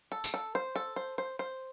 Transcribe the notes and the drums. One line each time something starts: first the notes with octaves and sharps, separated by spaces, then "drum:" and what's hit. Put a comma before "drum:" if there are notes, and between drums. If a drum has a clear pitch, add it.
A4
drum: tambourine
A4
C5
A4
C5
C5
C5